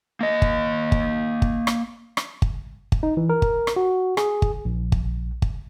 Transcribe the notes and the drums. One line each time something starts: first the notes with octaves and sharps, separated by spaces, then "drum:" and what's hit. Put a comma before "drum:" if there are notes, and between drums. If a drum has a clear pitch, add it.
A#3 D#5
drum: kick G1
drum: kick G1
drum: kick G1
drum: rim click
drum: rim click
drum: kick G1
drum: kick G1
D#4
E3
A#4
drum: kick G1
drum: rim click
F#4
G#4, drum: rim click
drum: kick G1
A#1
drum: kick G1
drum: kick G1